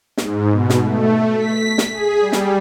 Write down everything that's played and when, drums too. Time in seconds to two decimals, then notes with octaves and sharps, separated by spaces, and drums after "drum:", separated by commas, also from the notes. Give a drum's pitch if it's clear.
0.17 G#2, drum: snare
0.52 B2
0.70 drum: snare
0.83 A3
1.37 B6
1.78 drum: snare
1.92 G#4
2.21 G3
2.32 drum: snare